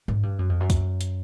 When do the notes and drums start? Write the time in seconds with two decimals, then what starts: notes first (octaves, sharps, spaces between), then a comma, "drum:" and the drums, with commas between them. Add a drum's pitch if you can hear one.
0.08 G#2
0.23 G2
0.39 F#2
0.49 F2
0.60 F#2
0.70 drum: kick, hi-hat
1.01 drum: hi-hat